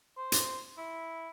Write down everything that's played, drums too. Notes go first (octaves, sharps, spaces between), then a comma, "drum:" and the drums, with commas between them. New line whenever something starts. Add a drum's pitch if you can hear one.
C5
drum: hi-hat
E4